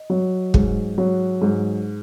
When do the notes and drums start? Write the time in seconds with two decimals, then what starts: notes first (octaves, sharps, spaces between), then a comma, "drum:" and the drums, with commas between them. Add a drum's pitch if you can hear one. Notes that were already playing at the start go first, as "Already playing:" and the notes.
Already playing: D#5
0.10 F#3
0.54 G#2, drum: kick
0.98 F#3
1.42 G#2